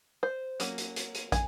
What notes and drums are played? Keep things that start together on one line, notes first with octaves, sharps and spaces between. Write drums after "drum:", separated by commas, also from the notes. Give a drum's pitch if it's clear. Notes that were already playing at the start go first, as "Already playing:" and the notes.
C5
F#3 A#3 C#4, drum: hi-hat
drum: hi-hat
drum: hi-hat
drum: hi-hat
G#5, drum: kick, hi-hat